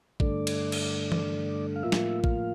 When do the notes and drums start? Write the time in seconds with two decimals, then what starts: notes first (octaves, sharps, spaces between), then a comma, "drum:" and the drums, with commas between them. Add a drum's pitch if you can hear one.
0.20 G2 D3 A3 D5, drum: kick A1
0.47 drum: cymbal
0.72 drum: cymbal
1.12 drum: tom E3
1.76 F5
1.83 A2 F3 A#3 F4 E5
1.92 drum: snare
2.24 F5, drum: kick A1